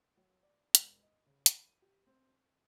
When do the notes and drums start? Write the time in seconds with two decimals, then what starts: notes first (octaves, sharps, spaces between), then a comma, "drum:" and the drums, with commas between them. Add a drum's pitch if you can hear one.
0.17 F#3
0.43 D5
0.75 E1, drum: hi-hat
1.03 D#5
1.26 C#3
1.46 B5, drum: hi-hat
1.67 D#7
1.82 G4
2.07 C4
2.29 C5